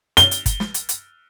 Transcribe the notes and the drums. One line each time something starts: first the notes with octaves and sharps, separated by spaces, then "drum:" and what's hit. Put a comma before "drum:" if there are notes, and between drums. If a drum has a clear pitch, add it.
G7, drum: hi-hat
drum: hi-hat
drum: kick G1, hi-hat
drum: snare
drum: hi-hat
drum: hi-hat